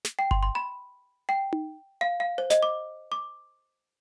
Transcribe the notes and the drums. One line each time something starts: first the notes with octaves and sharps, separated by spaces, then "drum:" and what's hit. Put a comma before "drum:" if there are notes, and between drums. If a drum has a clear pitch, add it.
drum: snare
G5
C6, drum: kick G1
C6
B5
G5
drum: tom D#4
F5
F5
C5
D#5, drum: snare
D6
D6